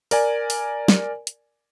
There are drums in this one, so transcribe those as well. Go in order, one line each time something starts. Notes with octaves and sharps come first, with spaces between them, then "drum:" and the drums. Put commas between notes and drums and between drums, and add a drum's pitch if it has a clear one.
A#4 D5 G#5, drum: open hi-hat
drum: open hi-hat
drum: snare
drum: hi-hat